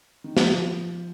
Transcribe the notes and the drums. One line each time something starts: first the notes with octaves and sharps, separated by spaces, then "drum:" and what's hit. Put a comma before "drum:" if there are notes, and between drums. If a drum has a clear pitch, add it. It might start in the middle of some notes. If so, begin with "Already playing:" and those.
D#3
F3, drum: snare